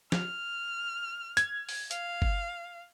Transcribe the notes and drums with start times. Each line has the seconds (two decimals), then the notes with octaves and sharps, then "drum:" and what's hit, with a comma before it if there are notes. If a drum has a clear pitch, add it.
0.12 F6, drum: snare
1.37 G#6, drum: hi-hat
1.69 drum: open hi-hat
1.91 F5, drum: hi-hat
2.22 drum: kick G1